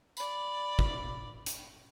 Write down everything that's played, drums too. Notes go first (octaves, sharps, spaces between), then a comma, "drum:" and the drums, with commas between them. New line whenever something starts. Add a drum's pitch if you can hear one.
D5 B5, drum: tambourine
drum: kick
drum: hi-hat